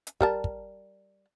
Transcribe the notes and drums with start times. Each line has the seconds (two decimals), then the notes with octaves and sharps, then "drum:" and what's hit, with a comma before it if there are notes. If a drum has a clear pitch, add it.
0.07 drum: hi-hat
0.21 G3 A#4 A5, drum: kick
0.44 drum: kick